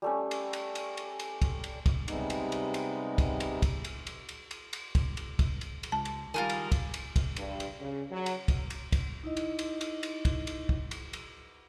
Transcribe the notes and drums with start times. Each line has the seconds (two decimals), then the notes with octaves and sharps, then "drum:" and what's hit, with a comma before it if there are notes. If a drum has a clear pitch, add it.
0.02 G3 A3 C#4
0.31 drum: cymbal
0.53 drum: cymbal
0.75 drum: cymbal
0.97 drum: cymbal
1.19 drum: cymbal
1.42 drum: kick, cymbal
1.64 drum: cymbal
1.86 drum: kick, cymbal
2.08 C3 G3 G#3 B3 D#4, drum: cymbal
2.30 drum: cymbal
2.52 drum: cymbal
2.74 drum: cymbal
3.18 drum: kick, cymbal
3.40 drum: cymbal
3.62 drum: kick, cymbal
3.85 drum: cymbal
4.07 drum: cymbal
4.29 drum: cymbal
4.51 drum: cymbal
4.73 drum: cymbal
4.95 drum: kick, cymbal
5.17 drum: cymbal
5.39 drum: kick, cymbal
5.61 drum: cymbal
5.83 drum: cymbal
5.92 C#2 A5
6.05 drum: cymbal
6.34 D#3 G3 F4 F#4 G#4 A#4
6.50 drum: cymbal
6.72 drum: kick, cymbal
6.94 drum: cymbal
7.16 drum: kick, cymbal
7.36 G2, drum: cymbal
7.60 drum: cymbal
7.79 C#3
8.11 F#3
8.26 drum: cymbal
8.48 drum: kick, cymbal
8.70 drum: cymbal
8.92 drum: kick, cymbal
9.23 D#4 E4 D#5
9.37 drum: cymbal
9.59 drum: cymbal
9.81 drum: cymbal
10.03 drum: cymbal
10.25 drum: kick, cymbal
10.47 drum: cymbal
10.69 drum: kick
10.91 drum: cymbal
11.13 drum: cymbal